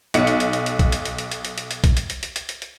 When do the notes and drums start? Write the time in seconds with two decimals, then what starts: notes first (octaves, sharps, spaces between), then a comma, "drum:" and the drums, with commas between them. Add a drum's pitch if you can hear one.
0.14 B1 C#7, drum: hi-hat
0.27 drum: hi-hat
0.40 drum: hi-hat
0.53 drum: hi-hat
0.66 drum: hi-hat
0.79 drum: kick A#1, hi-hat
0.92 drum: hi-hat
1.05 drum: hi-hat
1.18 drum: hi-hat
1.32 drum: hi-hat
1.45 drum: hi-hat
1.58 drum: hi-hat
1.71 drum: hi-hat
1.84 drum: kick A#1, hi-hat
1.97 drum: hi-hat
2.10 drum: hi-hat
2.23 drum: hi-hat
2.36 drum: hi-hat
2.49 drum: hi-hat
2.62 drum: hi-hat